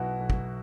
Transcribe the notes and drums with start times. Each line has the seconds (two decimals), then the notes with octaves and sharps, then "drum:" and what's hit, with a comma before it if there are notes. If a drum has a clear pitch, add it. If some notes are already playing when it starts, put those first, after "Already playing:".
Already playing: B1 B2 F#3 E4 F#4
0.20 B1
0.30 drum: kick